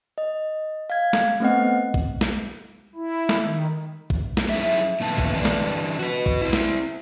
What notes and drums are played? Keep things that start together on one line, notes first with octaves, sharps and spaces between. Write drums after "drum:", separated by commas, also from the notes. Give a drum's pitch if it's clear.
D#5
F5 G#6
drum: snare
A3 B3 C4 D#5 F#5
drum: kick A#1
drum: snare
E4
drum: snare
D#3
drum: kick A#1
drum: snare
F#3 C#4 D#4 E4 G#4 E5
A#2 D#3 A3 B3 A5
drum: kick A#1
D3 E3 G3 C4 D4
drum: snare
F#4 B4
drum: kick A#1
C4 E4
drum: snare